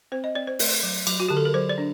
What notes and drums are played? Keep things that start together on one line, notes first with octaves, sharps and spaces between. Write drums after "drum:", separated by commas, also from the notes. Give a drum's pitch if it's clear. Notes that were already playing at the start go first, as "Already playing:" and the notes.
C4 C5
D#5
C4 D5
C5
A3, drum: open hi-hat
F#3
F#3, drum: cymbal
F#4
D3 G4
A4
A#4
F#3 C5
D5
D4